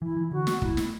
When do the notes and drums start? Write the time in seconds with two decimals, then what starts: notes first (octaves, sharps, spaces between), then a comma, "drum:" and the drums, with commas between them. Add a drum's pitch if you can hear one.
0.02 E3 E4
0.17 E3
0.32 D3 F#4
0.47 F#3, drum: snare
0.62 A3 E4, drum: kick
0.77 drum: snare